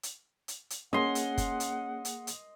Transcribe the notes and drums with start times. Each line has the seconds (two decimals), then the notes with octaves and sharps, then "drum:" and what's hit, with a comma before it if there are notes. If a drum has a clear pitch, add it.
0.03 drum: hi-hat
0.48 drum: hi-hat
0.70 drum: hi-hat
0.93 A#3 C#4 G#4 D#5 F#5 C6
1.15 drum: hi-hat
1.38 drum: kick F#1, hi-hat
1.60 drum: hi-hat
2.05 drum: hi-hat
2.27 drum: hi-hat